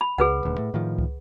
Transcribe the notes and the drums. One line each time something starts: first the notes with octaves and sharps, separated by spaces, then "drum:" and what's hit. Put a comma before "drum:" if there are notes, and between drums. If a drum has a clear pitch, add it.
B5
C#2 G#4 B4 F#5
D#1 D2
A2
A2 D#3 F3
drum: kick